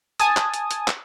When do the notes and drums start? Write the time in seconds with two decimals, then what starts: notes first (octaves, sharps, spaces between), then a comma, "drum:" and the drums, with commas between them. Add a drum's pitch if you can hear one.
0.20 G#5 A5 D#6, drum: hi-hat
0.37 drum: clap
0.54 drum: hi-hat
0.71 drum: hi-hat
0.88 drum: clap